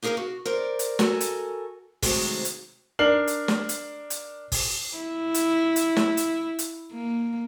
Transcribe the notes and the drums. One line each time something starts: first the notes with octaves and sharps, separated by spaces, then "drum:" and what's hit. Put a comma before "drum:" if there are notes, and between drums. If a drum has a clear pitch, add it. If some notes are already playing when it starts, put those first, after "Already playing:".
A#3 D#4 G#4 A#4 D#5 F5
F#4
A#4 C5 D5
drum: hi-hat
F#4 A4 A#4 G#5, drum: snare
drum: hi-hat
C3 D#3 F#3 G#3 A3 C4, drum: kick, open hi-hat
drum: hi-hat
D4 A#4 F6 C7 F#7
drum: hi-hat
drum: snare
drum: hi-hat
drum: hi-hat
drum: kick, open hi-hat
E4
drum: hi-hat
drum: hi-hat
drum: snare
drum: hi-hat
drum: hi-hat
A#3